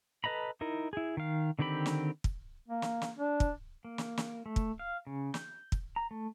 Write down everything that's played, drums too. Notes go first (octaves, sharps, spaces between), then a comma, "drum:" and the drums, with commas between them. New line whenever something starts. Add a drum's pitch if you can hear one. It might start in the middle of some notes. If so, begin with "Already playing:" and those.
A4 B4 D#5 A#5 B5
D#4 E4 A#4
E4 G#4
D#3 F5
D3 D#3 C4 G4 B5
drum: snare
drum: kick
A#3
drum: snare
drum: snare
D4
drum: kick
A#3
drum: snare
drum: snare
A3
drum: kick
F5
C#3
G6, drum: snare
drum: kick
A#5
A3